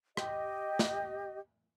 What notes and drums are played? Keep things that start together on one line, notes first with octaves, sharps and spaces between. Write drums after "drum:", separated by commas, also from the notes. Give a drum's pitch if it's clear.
G4 D#5, drum: rim click
drum: snare